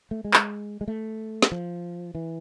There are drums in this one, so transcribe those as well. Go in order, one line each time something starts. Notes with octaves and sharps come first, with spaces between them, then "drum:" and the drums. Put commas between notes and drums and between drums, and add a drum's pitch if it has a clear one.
A3
G#3
drum: clap
G#3
A3
drum: snare
F3
E3